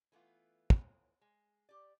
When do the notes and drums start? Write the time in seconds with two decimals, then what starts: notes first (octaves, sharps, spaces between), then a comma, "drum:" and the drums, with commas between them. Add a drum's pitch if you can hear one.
0.12 E3 A3 B3 F4
0.70 drum: kick
1.21 G#3
1.69 G4 D5